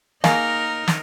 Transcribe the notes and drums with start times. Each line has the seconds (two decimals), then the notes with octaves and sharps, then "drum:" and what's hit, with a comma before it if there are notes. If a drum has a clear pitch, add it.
0.24 A#3 D#4 G#4 A#4 C#5 D#5, drum: snare
0.88 drum: snare